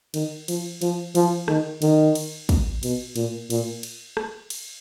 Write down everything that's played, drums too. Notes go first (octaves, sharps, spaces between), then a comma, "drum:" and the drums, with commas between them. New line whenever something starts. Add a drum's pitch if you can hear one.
D#3, drum: cymbal
F3, drum: cymbal
F3, drum: cymbal
F3, drum: cymbal
D#3, drum: rim click
D#3, drum: cymbal
drum: cymbal
drum: kick, cymbal
B2, drum: cymbal
A#2, drum: cymbal
A#2, drum: cymbal
drum: cymbal
drum: rim click
drum: cymbal